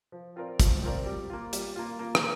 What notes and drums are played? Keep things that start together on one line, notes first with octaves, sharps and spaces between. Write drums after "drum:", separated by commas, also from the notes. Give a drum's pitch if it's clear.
F3
C4 F4 A#4 D5
F3, drum: kick, hi-hat
C4 F4 A#4 D5
G3
A#3 F4
G3, drum: hi-hat
A#3 F4
A#3
drum: rim click